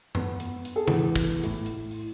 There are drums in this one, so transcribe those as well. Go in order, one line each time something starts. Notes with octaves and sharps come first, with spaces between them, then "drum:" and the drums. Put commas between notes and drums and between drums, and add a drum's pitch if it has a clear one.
B3, drum: tom F#2
drum: hi-hat
drum: hi-hat
G#4 A4
E2, drum: tom C3
drum: kick, hi-hat
A2, drum: hi-hat
drum: hi-hat
drum: open hi-hat